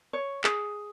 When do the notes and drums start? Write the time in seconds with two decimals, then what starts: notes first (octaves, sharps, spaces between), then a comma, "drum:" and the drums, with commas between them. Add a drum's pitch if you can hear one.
0.13 C#5
0.44 G#4, drum: clap